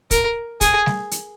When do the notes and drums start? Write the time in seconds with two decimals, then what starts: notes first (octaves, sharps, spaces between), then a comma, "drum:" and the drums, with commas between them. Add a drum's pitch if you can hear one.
0.11 A#4, drum: kick, hi-hat
0.61 G#4, drum: kick, hi-hat
0.86 drum: snare
1.11 drum: hi-hat